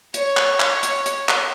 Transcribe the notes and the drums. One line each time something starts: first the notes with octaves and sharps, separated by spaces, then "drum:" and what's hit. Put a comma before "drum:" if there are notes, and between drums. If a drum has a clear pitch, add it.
C#5, drum: hi-hat
drum: clap
drum: clap
drum: hi-hat
drum: hi-hat
drum: clap